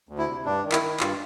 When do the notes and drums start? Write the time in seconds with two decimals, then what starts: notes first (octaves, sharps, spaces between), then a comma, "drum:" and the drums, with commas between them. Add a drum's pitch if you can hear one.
0.09 D2
0.18 E4
0.28 C3
0.45 G2 D4
0.64 D#3
0.72 E4, drum: clap
0.81 D#3
1.00 G2 F4, drum: clap